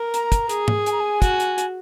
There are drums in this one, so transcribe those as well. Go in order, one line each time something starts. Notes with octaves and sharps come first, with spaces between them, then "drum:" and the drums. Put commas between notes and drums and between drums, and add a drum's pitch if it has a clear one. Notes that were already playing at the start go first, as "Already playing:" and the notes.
Already playing: A#4
A#5, drum: hi-hat
drum: kick, hi-hat
G#4, drum: hi-hat
drum: tom
G#5, drum: hi-hat
A#5
G#5
F#4, drum: kick, hi-hat
drum: hi-hat
drum: hi-hat